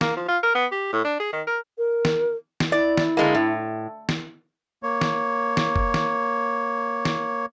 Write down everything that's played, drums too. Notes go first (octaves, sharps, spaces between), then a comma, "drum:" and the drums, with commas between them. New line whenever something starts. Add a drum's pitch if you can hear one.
A#3, drum: snare
F3
F4
A#4
B3
G4
A2
D4
G#4
D#3
A#4
A#4
drum: snare
drum: snare
E4 D5
drum: snare
D3 G#3 A#3
A2
drum: snare
A#3 C#5
drum: snare
drum: snare
drum: kick
drum: snare
drum: snare